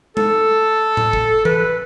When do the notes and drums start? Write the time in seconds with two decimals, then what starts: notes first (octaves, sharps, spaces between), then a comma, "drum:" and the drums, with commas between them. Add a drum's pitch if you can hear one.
0.17 A4, drum: tom G#3
0.97 drum: tom A2
1.13 drum: kick
1.45 B4, drum: tom E3